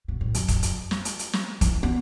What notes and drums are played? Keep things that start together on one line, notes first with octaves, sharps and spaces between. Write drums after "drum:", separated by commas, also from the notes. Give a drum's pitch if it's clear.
B2
A2
F#2, drum: hi-hat
drum: kick, hi-hat
drum: hi-hat
drum: snare
drum: hi-hat
drum: hi-hat
drum: snare
E3, drum: kick, hi-hat
B3